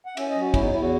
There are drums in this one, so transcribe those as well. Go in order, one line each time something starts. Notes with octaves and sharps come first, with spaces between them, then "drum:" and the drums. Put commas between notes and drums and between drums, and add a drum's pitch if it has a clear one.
F#5
C#4 E5, drum: cymbal
D#5
F#3
F#4
E2 E4, drum: kick, cymbal
D#4
E2 E4
F#4